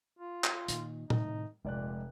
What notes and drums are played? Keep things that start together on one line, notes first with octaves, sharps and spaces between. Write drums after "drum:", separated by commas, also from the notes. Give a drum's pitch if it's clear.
F4
drum: clap
A#2 D#3, drum: hi-hat
A2 C3 D#3 D#4, drum: tom
F1 A#2 G#3 D5 F#6